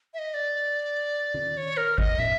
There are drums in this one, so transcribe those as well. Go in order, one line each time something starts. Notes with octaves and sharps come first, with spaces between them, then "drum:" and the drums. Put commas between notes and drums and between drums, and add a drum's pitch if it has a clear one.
E5
D#5
D5
drum: tom D#3
C#5
A#4
D#5, drum: kick G#1
E5, drum: tom